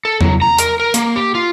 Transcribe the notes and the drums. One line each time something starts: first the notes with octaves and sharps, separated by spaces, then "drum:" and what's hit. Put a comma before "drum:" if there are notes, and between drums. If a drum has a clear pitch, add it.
A4
F#3, drum: tom E2
A#5
A#4, drum: hi-hat
A#4
A#3, drum: hi-hat
G4
F4